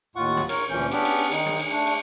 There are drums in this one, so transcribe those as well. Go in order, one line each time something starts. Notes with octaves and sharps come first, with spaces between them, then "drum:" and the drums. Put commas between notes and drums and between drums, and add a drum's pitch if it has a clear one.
D#2 A2 F4 F#5 C#6
drum: rim click
A#4 C#5, drum: cymbal
D2 A#2 E3 C#4 G6
B3 C#4 D4 G4, drum: cymbal
drum: cymbal
drum: cymbal
D#3 D#4, drum: cymbal
drum: rim click
drum: cymbal
A3 D4, drum: cymbal
drum: cymbal